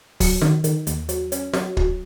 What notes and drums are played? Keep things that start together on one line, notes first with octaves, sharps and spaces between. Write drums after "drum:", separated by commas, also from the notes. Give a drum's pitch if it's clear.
F#3, drum: kick, open hi-hat
D#3, drum: snare
D#3, drum: hi-hat
D#2, drum: hi-hat
F#3, drum: hi-hat
C#4, drum: hi-hat
F#3, drum: snare
F#3, drum: kick